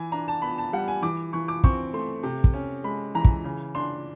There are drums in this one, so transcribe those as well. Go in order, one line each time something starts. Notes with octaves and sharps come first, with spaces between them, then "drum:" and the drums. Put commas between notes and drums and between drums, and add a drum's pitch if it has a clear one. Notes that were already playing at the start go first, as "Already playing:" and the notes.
Already playing: E3 G#5
D4 A#5
A5
B3 B5
A5
G3 F#5
G#5
E3 D6
E3 C#6
D6
C4 C#6, drum: kick
A3 C6
C3
drum: kick
C#4
G#3 B5
E3 A#5
drum: kick
C#3
D4 C6